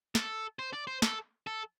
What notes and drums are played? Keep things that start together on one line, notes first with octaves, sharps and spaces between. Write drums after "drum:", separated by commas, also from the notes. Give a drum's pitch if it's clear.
A4, drum: snare
C5
D5
C5
A4, drum: snare
A4